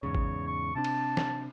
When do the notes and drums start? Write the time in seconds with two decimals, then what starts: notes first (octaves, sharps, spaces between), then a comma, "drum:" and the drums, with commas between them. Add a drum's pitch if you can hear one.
0.03 E2 G#2 C#3 C#5
0.15 drum: kick G#1
0.47 C#6
0.75 C3 C4 D4 A5
0.84 drum: cymbal
1.17 drum: snare